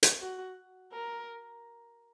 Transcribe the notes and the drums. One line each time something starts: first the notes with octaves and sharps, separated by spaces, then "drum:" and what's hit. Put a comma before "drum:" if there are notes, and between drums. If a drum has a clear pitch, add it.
drum: hi-hat
F#4
A#4